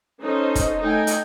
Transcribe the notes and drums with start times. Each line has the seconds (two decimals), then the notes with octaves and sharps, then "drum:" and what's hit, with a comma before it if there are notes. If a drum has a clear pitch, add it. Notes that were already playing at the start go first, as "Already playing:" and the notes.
0.21 C#4 D#4 A4 C5 D#5
0.55 drum: kick, hi-hat
0.81 A3 D#4 A4 G5 G#5
1.07 drum: hi-hat